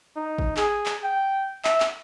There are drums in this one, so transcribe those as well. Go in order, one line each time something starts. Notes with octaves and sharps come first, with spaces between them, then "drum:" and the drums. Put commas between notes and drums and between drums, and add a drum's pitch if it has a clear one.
D#4
drum: kick G#1
G#4, drum: clap
drum: clap
G5
E5, drum: clap
drum: clap